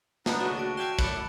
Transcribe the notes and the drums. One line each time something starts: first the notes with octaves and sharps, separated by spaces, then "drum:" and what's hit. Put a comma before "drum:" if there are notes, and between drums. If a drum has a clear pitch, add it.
B3 D4 D#4, drum: snare
C#2 A#2 A3 F#4
D4 F#4 A5 D7
E5 F5 G5 G#5 C6 D7 E7
F#2 A3 D4 E4 F#6 C#7, drum: kick, hi-hat